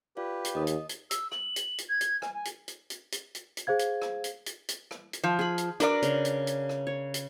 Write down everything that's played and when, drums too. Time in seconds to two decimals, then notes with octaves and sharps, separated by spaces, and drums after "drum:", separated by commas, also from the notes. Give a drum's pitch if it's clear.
0.17 F4 G4 B4 D5 F5
0.45 drum: hi-hat
0.55 D#2 D#5 D#6
0.67 drum: hi-hat
0.89 drum: hi-hat
1.11 E6, drum: hi-hat
1.32 F#7, drum: rim click
1.56 drum: hi-hat
1.78 drum: hi-hat
1.89 G#6
2.01 drum: hi-hat
2.22 G#5, drum: rim click
2.34 G#5
2.45 drum: hi-hat
2.68 drum: hi-hat
2.90 drum: hi-hat
3.12 drum: hi-hat
3.35 drum: hi-hat
3.57 drum: hi-hat
3.67 G#4 C5 F5 G#6
3.79 drum: hi-hat
4.02 drum: rim click
4.24 drum: hi-hat
4.46 drum: hi-hat
4.69 drum: hi-hat
4.91 drum: rim click
5.13 drum: hi-hat
5.24 F3
5.39 G#4 B5
5.58 drum: hi-hat
5.80 D4 F#4 A#4 B4 D5, drum: hi-hat
6.03 C#3, drum: hi-hat
6.25 drum: hi-hat
6.47 drum: hi-hat
6.69 drum: rim click
6.87 C#5
7.14 drum: hi-hat